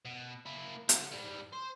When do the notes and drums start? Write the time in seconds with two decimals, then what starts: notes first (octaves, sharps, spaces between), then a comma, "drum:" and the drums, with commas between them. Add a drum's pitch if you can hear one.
0.05 B2
0.46 A#3 E4
0.89 A4 F#5, drum: hi-hat
1.12 G#2 G3
1.53 C5